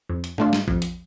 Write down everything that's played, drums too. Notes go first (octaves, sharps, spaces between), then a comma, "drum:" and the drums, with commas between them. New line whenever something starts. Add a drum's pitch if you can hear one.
F2
drum: hi-hat
D3 A3 D4 F4, drum: tom G#2
drum: snare
F2, drum: kick A1
drum: hi-hat